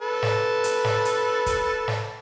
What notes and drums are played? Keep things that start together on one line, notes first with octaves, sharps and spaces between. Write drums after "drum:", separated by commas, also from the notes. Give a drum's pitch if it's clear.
A4 B4
drum: snare
drum: hi-hat
drum: snare
drum: hi-hat
drum: kick, hi-hat
drum: snare